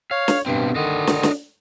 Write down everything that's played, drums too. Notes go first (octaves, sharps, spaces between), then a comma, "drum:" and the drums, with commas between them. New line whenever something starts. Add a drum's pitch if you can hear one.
C#5 F5
drum: snare
G2 B2 C4
D3 D#3 D4 D#5
drum: snare
drum: snare